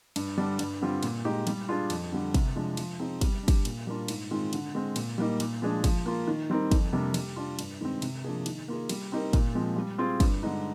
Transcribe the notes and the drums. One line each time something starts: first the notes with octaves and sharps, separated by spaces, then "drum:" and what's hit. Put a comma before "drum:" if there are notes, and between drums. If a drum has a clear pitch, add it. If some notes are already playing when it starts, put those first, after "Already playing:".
G2, drum: cymbal
D3 G3 D4
G2, drum: cymbal
D3 G3 C4 F4
A#2, drum: cymbal
G#3 D#4 G4
G3, drum: cymbal
D4 F4 G#4
F2, drum: cymbal
D3 G3
C3, drum: kick, cymbal
F3 G#3 D4
F3, drum: cymbal
C4 D#4 G#4
G3, drum: kick, cymbal
D4
G4, drum: kick, cymbal
A#2, drum: cymbal
G3 A#3 D4 F4
G#2, drum: cymbal
D#3 G#3 C4 F4
D3, drum: cymbal
G#3 C4
A#2, drum: cymbal
G3 A#3 D#4
A#2, drum: cymbal
F3 G#3 D4 G#4
F3, drum: kick, cymbal
A#3 F4
D#3
G3 C4 D#4 A#4
F2, drum: kick, cymbal
C3 G3 A#3 D4
G3, drum: cymbal
D4 F4
G2, drum: cymbal
D#3 G#3 C4
C3, drum: cymbal
F3 A#3 D4 G#4
D#3, drum: cymbal
A#3 F4 G#4
G3, drum: cymbal
C4 D#4 G4 A#4
A#2, drum: kick, cymbal
F3 G#3 C4
G3
C4 F4 G#4
G2, drum: kick, cymbal
D3 G#3 D#4